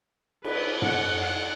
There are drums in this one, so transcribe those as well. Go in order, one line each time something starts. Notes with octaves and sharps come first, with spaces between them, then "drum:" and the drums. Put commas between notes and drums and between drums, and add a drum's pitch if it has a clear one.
B4, drum: cymbal
F#5, drum: tom F#2
F#5